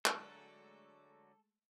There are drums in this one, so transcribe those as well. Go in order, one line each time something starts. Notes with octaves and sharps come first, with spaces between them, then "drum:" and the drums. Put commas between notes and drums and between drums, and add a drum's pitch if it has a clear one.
D3 F#3 G#3 A3 F#4 A4 D5 F#6, drum: clap